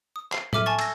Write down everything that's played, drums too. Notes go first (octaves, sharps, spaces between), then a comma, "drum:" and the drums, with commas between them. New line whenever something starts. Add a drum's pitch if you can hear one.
D#6
C7, drum: clap
A4 E5 D6 F6 D#7, drum: tom A2
G#5 A5 C#6 A6
E6 A#6, drum: cymbal